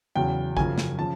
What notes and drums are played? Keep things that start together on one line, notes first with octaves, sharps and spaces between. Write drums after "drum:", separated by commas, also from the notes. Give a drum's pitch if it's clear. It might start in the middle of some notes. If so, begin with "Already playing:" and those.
E2 C#3 F#3 G5
F#2 C#3 F3 G#5, drum: kick
drum: snare
C#3 F3 A5